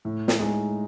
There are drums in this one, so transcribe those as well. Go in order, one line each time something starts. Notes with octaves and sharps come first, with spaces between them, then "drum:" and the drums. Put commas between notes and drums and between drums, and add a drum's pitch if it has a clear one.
A2
drum: snare
G#3 D#4